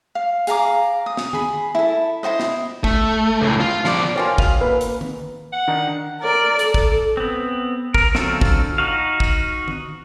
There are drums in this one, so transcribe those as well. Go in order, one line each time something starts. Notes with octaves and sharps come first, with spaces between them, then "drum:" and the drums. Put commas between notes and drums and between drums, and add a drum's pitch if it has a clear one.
F5
G#4 F5 A#5 D6, drum: hi-hat
D#6
drum: snare
G#4 B5, drum: tom D#3
E4 A4
E4 F#4 C5 D#5
drum: snare
A3, drum: kick
C#2 A2
F4
F3 D5, drum: snare
F3 A#3 F4 F#4 C#5 G5 G#5
C#3 F5, drum: kick
A#3 B4
drum: hi-hat
drum: tom D#3
F#5
D#3 D4 D#4
A#4 D5
A4, drum: hi-hat
drum: kick
B3 C4
A#4, drum: kick
D3 F#3 C4 F4 A4, drum: snare
drum: kick
D#4 F#4 F5
drum: kick
drum: tom D#3